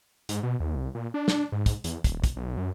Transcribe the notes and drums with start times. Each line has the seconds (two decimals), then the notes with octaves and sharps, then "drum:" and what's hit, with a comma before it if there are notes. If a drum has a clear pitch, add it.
0.29 G#2, drum: hi-hat
0.43 B2
0.60 D#2
0.76 C2
0.95 A#2
1.14 D4
1.28 drum: snare
1.52 G#2
1.66 drum: kick, hi-hat
1.84 E2, drum: hi-hat
2.04 D#1, drum: kick, hi-hat
2.24 drum: kick, hi-hat
2.36 B1
2.57 F#2